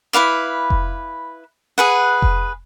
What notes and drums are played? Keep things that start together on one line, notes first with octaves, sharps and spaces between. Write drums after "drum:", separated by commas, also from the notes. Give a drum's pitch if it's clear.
E4 B4 F5 D6
drum: kick F1
G#4 B4 F#5
drum: kick F1